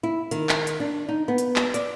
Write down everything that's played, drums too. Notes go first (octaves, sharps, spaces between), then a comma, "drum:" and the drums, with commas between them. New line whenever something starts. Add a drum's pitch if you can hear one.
E4
D#3, drum: hi-hat
drum: clap
drum: hi-hat
D4
D#4
B3
drum: hi-hat
drum: clap
D5, drum: hi-hat